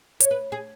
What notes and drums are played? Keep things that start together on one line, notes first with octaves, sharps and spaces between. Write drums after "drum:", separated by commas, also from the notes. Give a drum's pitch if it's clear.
C#5, drum: hi-hat
B4
G#4